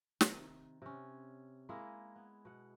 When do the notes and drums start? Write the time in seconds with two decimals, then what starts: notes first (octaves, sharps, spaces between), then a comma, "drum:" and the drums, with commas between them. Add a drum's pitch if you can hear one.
0.21 C3 D#3, drum: snare
0.82 C3 C#4
1.69 G#3 A#3 E4 G#4
2.16 B3
2.45 B2 F#5